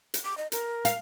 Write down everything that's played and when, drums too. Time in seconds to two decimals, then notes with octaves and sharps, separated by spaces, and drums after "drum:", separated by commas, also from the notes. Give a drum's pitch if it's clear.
0.14 drum: hi-hat
0.24 D6
0.38 D#5
0.52 A#4, drum: hi-hat
0.85 F5, drum: hi-hat